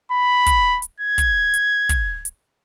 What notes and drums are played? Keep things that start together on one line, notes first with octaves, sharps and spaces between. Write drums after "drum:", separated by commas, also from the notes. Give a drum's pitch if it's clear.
B5
drum: kick, hi-hat
drum: hi-hat
G#6
drum: kick, hi-hat
drum: hi-hat
drum: kick, hi-hat
drum: hi-hat